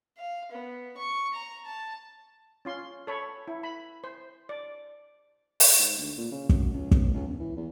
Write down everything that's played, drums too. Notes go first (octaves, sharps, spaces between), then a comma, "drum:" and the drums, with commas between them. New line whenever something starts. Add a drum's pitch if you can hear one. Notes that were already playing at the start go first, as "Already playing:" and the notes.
F5
B3
C#6
A#5
A5
C#4 F4 C6
A4 C#5 B5
E4
B5
C5
D5
drum: open hi-hat
G#2
D2
A#2
C#3
F#2, drum: kick
C#2
B1, drum: kick
C#2
E1
E3
E2